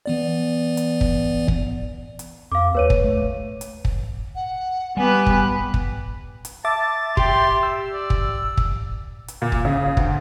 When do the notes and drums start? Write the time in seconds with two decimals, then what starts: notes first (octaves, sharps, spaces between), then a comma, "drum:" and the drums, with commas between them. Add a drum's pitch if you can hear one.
0.06 E3 B3 D5
0.77 drum: hi-hat
1.01 drum: kick
1.48 drum: kick
2.19 drum: hi-hat
2.52 F2 F5 D6
2.75 D#2 B4 C#5 D#7
2.90 drum: kick
3.04 A3
3.61 drum: hi-hat
3.85 drum: kick
4.36 F#5
4.97 G3 B3 G4 B4 G#5
5.26 drum: kick
5.74 drum: kick
6.45 drum: hi-hat
6.65 E5 A5 D6 A6
7.17 G4 G5 C6, drum: kick
7.63 E6
7.93 D5
8.10 drum: kick
8.57 drum: kick
9.28 drum: hi-hat
9.42 A#2
9.52 drum: kick
9.65 C#3
9.97 D2, drum: kick